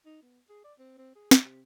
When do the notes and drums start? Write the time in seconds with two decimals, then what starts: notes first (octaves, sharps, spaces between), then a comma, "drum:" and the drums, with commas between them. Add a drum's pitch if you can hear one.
0.05 D#4
0.22 B3
0.49 G#4
0.64 D5
0.78 C4
0.98 C4
1.15 G#4
1.31 D4, drum: snare
1.43 C3